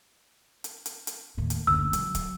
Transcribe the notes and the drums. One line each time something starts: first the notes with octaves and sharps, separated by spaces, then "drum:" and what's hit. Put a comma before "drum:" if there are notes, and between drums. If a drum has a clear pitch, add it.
drum: hi-hat
drum: hi-hat
drum: hi-hat
D#2 A2
drum: hi-hat
F#1 D2 E6
F#3, drum: hi-hat
drum: kick, hi-hat